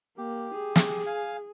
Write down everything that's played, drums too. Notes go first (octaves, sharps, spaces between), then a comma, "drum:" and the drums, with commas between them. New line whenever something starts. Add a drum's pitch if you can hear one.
A#3 G4
G#4
drum: snare
F5 G#5